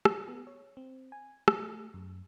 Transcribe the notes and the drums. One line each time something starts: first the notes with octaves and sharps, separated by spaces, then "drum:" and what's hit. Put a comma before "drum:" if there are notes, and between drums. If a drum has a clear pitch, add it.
drum: rim click
B3
C#5
C4
G#5
drum: rim click
A3
F#2